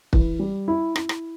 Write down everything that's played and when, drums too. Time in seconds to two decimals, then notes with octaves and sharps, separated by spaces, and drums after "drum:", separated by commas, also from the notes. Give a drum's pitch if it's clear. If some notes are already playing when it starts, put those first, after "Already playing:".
0.13 E3, drum: kick
0.39 G3
0.68 E4
0.96 E4, drum: rim click
1.09 drum: rim click